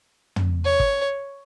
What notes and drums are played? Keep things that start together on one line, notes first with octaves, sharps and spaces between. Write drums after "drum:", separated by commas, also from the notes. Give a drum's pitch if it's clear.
drum: tom
C#5
drum: kick